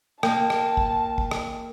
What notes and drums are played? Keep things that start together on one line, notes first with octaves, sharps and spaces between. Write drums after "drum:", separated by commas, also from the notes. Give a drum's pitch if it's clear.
A#3 G5 A5, drum: rim click
drum: rim click
drum: kick
drum: kick
drum: rim click